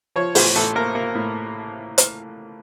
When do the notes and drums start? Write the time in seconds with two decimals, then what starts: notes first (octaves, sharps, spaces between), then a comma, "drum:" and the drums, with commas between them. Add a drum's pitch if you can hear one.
0.16 F3 C#5
0.35 A1 C5, drum: open hi-hat
0.55 A1 A4
0.75 A#3 A#4
0.95 A#3
1.15 A2
1.98 drum: hi-hat